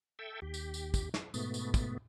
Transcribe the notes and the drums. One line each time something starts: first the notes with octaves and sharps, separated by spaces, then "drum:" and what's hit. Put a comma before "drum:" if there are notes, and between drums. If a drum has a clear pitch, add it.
A4 E5 G5
D#2 G4
drum: tambourine
drum: tambourine
drum: kick, tambourine
drum: snare
G#2 B2 A3 B3, drum: tambourine
drum: tambourine
drum: kick, tambourine